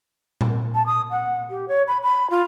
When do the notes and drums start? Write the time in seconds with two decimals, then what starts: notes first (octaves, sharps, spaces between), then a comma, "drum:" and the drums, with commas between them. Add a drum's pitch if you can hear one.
0.41 drum: tom A#2
0.75 A5
0.86 D#6
1.11 F#5
1.50 G4
1.68 C#5
1.87 B5
2.02 B5
2.30 F4